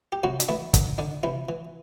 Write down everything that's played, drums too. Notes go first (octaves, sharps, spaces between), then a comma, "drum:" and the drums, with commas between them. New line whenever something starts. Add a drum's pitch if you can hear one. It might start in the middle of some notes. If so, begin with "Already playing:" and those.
G4
C3 F#3 F#4
D4, drum: hi-hat
E3 A3 E4
D3 D4, drum: kick, hi-hat
D3 D4
C3 E3 E4
E3